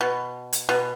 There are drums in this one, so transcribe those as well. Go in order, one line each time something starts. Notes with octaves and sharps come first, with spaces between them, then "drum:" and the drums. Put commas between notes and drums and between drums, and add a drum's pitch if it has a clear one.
B2
drum: hi-hat
B2